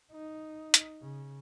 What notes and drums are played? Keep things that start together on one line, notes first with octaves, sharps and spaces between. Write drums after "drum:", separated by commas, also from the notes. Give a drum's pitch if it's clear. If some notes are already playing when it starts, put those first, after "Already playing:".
D#4
drum: hi-hat
C#3